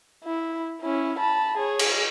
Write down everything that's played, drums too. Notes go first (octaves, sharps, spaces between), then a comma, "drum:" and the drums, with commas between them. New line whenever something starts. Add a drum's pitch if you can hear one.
E4
C#4 E4
A5 B5
G#4 C#5
drum: cymbal